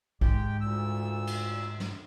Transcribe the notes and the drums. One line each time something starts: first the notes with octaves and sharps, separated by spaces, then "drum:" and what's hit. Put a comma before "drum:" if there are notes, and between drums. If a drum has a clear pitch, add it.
G#2 G#3 G4 G5, drum: kick
D2 A#2 E6
drum: cymbal
drum: snare